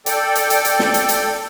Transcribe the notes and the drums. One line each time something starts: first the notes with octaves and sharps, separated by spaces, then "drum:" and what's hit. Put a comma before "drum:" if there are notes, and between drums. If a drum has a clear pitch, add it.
A4 D5 G5, drum: hi-hat
drum: hi-hat
drum: hi-hat
drum: hi-hat
drum: snare
drum: hi-hat
drum: hi-hat